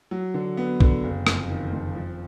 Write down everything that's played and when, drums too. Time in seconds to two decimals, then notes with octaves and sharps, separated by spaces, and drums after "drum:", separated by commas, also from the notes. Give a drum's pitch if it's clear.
0.11 F#3
0.34 D3
0.57 B3
0.80 D3, drum: kick B1
1.03 F#1
1.27 F2, drum: rim click
1.50 D#3
1.72 F2
1.95 F3